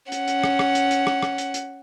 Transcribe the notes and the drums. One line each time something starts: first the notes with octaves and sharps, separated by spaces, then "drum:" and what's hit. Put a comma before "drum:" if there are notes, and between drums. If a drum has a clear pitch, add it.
C#4 F#5, drum: hi-hat
drum: hi-hat
drum: rim click
drum: rim click
drum: hi-hat
drum: hi-hat
drum: rim click
drum: rim click
drum: hi-hat
drum: hi-hat